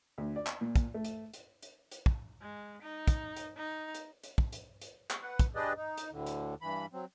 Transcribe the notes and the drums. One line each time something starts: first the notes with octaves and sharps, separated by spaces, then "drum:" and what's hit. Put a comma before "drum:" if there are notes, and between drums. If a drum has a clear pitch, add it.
D2
D5
drum: clap
A#2
drum: kick, hi-hat
A3
drum: hi-hat
drum: hi-hat
drum: hi-hat
drum: hi-hat
drum: kick
G#3
D#4
drum: kick, hi-hat
drum: hi-hat
D#4
drum: hi-hat
drum: hi-hat
drum: kick
drum: hi-hat
drum: hi-hat
drum: clap
B4 F#5
drum: kick, hi-hat
D4 G4 G#4 B4 D5 D#5
D#4
drum: hi-hat
D2 A2 D3
drum: hi-hat
G2 E3 B5
F#3 C4